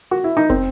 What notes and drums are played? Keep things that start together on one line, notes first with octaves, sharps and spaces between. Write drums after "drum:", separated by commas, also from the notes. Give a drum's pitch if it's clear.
F#4
E4
D#4
C4, drum: kick, hi-hat